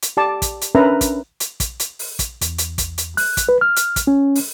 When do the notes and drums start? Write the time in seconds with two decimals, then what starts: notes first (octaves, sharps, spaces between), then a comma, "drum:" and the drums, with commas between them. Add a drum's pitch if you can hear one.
0.02 drum: hi-hat
0.17 G4 D5 A5 D6
0.42 drum: kick, hi-hat
0.61 drum: hi-hat
0.75 C#4 D4 A#4 B4 E5 A#5
1.01 drum: kick, hi-hat
1.40 drum: hi-hat
1.60 drum: kick, hi-hat
1.80 drum: hi-hat
1.99 drum: open hi-hat
2.19 drum: kick, hi-hat
2.41 E2, drum: hi-hat
2.58 drum: hi-hat
2.78 drum: kick, hi-hat
2.98 drum: hi-hat
3.17 F#6, drum: open hi-hat
3.37 drum: kick, hi-hat
3.49 B4
3.61 F6
3.76 drum: hi-hat
3.96 drum: kick, hi-hat
4.07 C#4
4.35 drum: open hi-hat